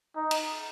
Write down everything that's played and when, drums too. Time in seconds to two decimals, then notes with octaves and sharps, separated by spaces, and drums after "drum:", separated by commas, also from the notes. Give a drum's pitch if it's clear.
0.16 D#4
0.31 drum: cymbal